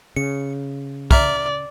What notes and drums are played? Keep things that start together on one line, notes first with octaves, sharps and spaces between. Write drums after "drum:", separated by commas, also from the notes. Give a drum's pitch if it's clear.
C#3 C#7
D5 E5 A#5 F6, drum: kick